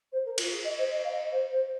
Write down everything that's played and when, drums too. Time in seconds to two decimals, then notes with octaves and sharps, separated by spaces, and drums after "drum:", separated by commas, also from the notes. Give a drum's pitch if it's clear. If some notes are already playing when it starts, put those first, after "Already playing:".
0.12 C5
0.25 A#4
0.38 F4, drum: cymbal
0.51 G#4
0.64 D#5
0.78 C5
0.91 D#5
1.04 F5
1.11 D#5
1.31 C5
1.51 C5